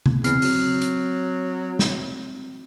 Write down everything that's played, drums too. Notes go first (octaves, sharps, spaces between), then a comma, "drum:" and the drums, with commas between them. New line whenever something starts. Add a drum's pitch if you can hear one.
drum: tom C#3
E2 C4 F6 C7, drum: hi-hat
F#3, drum: open hi-hat
drum: hi-hat
drum: snare